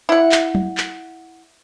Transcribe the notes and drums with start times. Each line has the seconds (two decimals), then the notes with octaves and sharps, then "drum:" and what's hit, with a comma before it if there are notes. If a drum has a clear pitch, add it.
0.09 E4 F#5
0.32 drum: clap
0.55 drum: tom
0.78 drum: clap